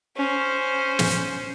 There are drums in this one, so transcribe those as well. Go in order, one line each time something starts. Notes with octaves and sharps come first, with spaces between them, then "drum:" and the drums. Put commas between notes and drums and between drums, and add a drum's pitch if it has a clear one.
C#4 C5
drum: snare